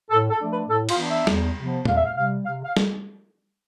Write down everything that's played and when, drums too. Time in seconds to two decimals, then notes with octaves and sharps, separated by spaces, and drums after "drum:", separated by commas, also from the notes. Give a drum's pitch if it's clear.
0.11 A2 A4
0.30 A4
0.39 F3 A3 D4
0.49 B4
0.69 A2 A4
0.89 F4, drum: cymbal
0.98 E3 B3 D4
1.08 E5
1.27 E2, drum: snare
1.57 C3 F3 B3
1.85 E2 F5, drum: tom
1.95 E5
2.05 F5
2.15 C3 G3 F5
2.45 C3 F5
2.64 F5
2.77 drum: snare